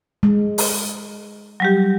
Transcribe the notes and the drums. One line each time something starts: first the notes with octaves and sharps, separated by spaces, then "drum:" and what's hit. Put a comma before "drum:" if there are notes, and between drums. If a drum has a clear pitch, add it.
G#3
drum: open hi-hat
F#3 G3 G4